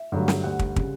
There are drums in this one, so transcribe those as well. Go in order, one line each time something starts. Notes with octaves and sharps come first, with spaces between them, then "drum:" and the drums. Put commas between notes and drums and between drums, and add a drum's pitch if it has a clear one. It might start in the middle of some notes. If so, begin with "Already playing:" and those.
Already playing: E5
G2 D3 F#3 A3
drum: snare
D2 D3 G3 F#5
drum: kick
C#3 G3, drum: kick